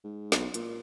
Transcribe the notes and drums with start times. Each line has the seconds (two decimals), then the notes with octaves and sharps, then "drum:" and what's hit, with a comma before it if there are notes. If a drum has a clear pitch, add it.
0.04 G#2
0.32 B1, drum: snare
0.54 A#2, drum: hi-hat